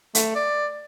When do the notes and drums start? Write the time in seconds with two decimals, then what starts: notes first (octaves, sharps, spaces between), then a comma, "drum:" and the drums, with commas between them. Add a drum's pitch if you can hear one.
0.15 A3, drum: hi-hat
0.35 D5